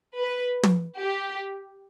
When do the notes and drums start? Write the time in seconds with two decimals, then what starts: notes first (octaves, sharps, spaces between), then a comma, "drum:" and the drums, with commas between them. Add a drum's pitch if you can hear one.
0.18 B4
0.63 drum: tom
0.98 G4